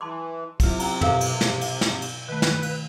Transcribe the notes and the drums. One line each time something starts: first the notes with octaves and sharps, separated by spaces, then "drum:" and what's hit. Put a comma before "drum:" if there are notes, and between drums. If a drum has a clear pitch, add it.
E3 A5 C6 D6
C3 F#3 E4 F4, drum: kick, cymbal
C#4 A#5, drum: cymbal
B2 A4 A#4 F5, drum: tom
drum: cymbal
drum: snare
drum: cymbal
drum: snare
drum: cymbal
D#3 A3 B4
drum: snare
drum: cymbal